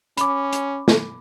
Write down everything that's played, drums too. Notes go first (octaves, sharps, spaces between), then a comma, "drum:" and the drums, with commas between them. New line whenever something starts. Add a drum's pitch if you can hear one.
C#4 B5 D6, drum: hi-hat
drum: hi-hat
drum: snare